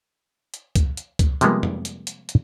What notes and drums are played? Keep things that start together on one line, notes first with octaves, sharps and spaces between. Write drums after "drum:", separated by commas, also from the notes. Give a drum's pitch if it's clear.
drum: hi-hat
drum: kick C#2, hi-hat
drum: hi-hat
drum: kick C#2, hi-hat
C3 F3 G3 G#3 A#3 B3, drum: hi-hat
drum: tom
drum: hi-hat
drum: hi-hat
drum: hi-hat